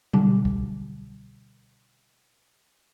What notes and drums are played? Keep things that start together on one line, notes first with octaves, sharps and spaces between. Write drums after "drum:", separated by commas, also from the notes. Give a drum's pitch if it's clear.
B2 D3 G3, drum: tom F#3
drum: kick C2